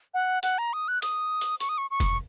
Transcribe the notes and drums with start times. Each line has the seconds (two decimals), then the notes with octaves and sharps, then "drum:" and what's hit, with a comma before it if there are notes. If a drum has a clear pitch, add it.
0.14 F#5
0.43 F#5, drum: hi-hat
0.58 A#5
0.73 D#6
0.88 F#6
1.02 D#6, drum: hi-hat
1.41 drum: hi-hat
1.60 C#6, drum: hi-hat
1.69 D#6
1.78 C#6
1.91 C#6
2.00 drum: kick F1, hi-hat